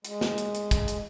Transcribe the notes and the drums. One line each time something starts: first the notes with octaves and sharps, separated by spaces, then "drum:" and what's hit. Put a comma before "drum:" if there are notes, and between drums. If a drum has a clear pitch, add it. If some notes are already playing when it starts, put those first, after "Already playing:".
G#3, drum: hi-hat
drum: snare
drum: hi-hat
drum: hi-hat
drum: kick, hi-hat
drum: hi-hat